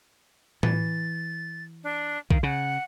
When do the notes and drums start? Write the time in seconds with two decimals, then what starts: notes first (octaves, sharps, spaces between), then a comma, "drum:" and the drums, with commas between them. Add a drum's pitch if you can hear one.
0.63 E3 A6, drum: tom A2
1.84 D4
2.31 D#3 F5, drum: kick B1
2.43 C#3 F#5